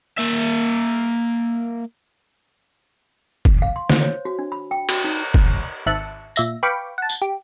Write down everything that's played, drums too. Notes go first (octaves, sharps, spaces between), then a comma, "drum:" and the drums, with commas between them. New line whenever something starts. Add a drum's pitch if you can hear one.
A#3 E5
drum: kick
F5
C6
C5, drum: snare D3
C#5
F#4
D4
B5
G5
F#4, drum: cymbal
D#4
drum: kick
G#1 E5 A5 F#6 C#7
A#2 E5 A#6, drum: tambourine
B4 F5 G5 B5 C#6 D6
F#5 A5
drum: tambourine
G4